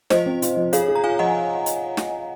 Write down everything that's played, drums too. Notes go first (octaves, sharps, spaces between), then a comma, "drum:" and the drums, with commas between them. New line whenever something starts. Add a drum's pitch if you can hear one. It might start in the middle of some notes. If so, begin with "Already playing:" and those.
F3 C5 D#5, drum: snare
C4
F4, drum: hi-hat
F3
G#4 C#5 F5, drum: hi-hat
G#4
A#5
F4 F5 G#5
F3 D#5 F#5
drum: hi-hat
drum: snare